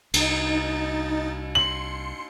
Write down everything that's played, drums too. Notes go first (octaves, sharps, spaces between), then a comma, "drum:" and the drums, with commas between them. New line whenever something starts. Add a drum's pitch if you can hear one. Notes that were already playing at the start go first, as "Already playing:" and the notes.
C2 D#4 A6, drum: cymbal
C6 C#7 F#7